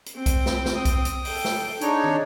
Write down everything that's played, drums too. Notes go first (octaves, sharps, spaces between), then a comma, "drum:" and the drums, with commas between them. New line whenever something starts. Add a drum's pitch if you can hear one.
drum: hi-hat
C4 G5
drum: kick B1, hi-hat
drum: snare
drum: snare
D#6
drum: kick B1, hi-hat
drum: hi-hat
A4 G5, drum: open hi-hat
drum: snare
D4 D#4 G#4 C#5, drum: hi-hat
drum: tom